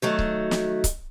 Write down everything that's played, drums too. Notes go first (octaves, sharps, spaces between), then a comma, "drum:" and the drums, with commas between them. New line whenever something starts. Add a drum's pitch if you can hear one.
D#3 F#3 A3
drum: kick C#1
drum: snare
drum: kick C#1, hi-hat